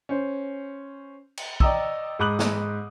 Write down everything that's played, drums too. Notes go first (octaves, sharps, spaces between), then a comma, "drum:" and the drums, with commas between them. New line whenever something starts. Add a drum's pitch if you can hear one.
C#4 C5
drum: cymbal
D5 D#5 G5 A#5 D#6 E6, drum: kick
G#2 B5 D6 D#6 F#6 F#7
drum: snare